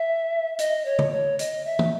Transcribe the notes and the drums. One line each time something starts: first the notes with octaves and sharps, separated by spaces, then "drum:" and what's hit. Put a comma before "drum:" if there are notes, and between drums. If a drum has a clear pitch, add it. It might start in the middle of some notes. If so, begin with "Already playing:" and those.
Already playing: E5
D#5, drum: hi-hat
C#5
drum: tom C#3
C#5
D#5, drum: hi-hat
E5
drum: tom